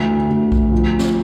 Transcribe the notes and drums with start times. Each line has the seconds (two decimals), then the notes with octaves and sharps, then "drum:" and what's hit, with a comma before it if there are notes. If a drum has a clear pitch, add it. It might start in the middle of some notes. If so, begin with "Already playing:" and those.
Already playing: D2 E3
0.30 D2
0.52 drum: kick B1
0.72 F3
0.99 drum: snare